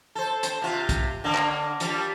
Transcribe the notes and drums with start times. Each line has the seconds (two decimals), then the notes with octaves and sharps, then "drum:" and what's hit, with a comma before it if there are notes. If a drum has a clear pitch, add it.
0.15 A4 C5
0.43 C5, drum: hi-hat
0.62 C3 F4
0.89 drum: kick, hi-hat
1.24 D3 A#3 C#4
1.35 drum: clap
1.80 F3 G3 A#3, drum: hi-hat